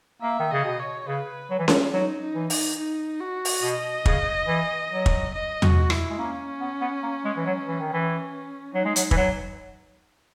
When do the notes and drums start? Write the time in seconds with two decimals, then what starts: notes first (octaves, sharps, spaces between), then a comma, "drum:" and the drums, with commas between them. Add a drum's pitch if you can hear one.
0.22 A#3 E5
0.39 D#3
0.51 C#3 D#5
0.65 B2
0.79 C#5
1.08 C#3 B4
1.50 F#3
1.59 E3
1.68 F#3, drum: snare C#4
1.93 F#3 D#4
2.21 D#4
2.35 E3
2.50 D#4, drum: open hi-hat
2.78 D#4
3.20 F#4
3.45 drum: open hi-hat
3.63 B2 D#5
4.06 C#3, drum: kick
4.48 E3
4.91 F#3
5.06 drum: kick
5.34 D#5
5.62 F#4, drum: tom E2
5.90 E4, drum: rim click
6.10 G#3
6.18 A#3 C#4
6.60 B3
6.81 B3
7.03 A#3
7.25 G#3
7.37 E3
7.46 F#3
7.67 E3
7.80 D#3
7.89 E3 C#4
8.74 F#3 D#4
8.85 G#3
8.96 F#3, drum: hi-hat
9.11 E3, drum: kick
9.17 F#3